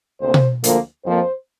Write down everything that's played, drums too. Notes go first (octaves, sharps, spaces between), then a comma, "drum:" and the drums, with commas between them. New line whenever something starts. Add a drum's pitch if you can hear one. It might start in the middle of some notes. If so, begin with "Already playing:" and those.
D2 C3 A#3 C5
drum: tom B2
D2 D3 F3 A#3, drum: hi-hat
F2 F3 A#3 C5